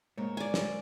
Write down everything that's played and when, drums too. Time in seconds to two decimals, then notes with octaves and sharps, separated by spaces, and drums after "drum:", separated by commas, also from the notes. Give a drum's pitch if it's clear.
0.17 G#2 A#3 C5 C#5
0.37 D5 G#5
0.54 drum: snare